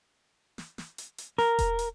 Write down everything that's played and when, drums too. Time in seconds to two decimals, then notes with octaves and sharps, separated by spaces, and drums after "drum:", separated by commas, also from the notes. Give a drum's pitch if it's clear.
0.58 drum: snare
0.78 drum: snare
0.98 drum: hi-hat
1.18 drum: hi-hat
1.38 A#4, drum: snare
1.59 drum: kick E1, hi-hat
1.79 drum: hi-hat